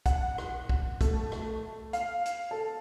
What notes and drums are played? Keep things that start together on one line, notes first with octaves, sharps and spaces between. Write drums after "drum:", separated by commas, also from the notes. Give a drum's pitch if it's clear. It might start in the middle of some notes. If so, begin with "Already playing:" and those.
F#5, drum: kick, hi-hat
drum: rim click
drum: kick
A3, drum: kick, hi-hat
drum: rim click
F5, drum: hi-hat
drum: hi-hat
A4